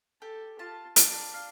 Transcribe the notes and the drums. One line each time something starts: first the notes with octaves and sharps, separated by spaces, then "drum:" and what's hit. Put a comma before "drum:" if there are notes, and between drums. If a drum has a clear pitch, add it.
G4 A4
F4 A5
D4 F4, drum: hi-hat
F5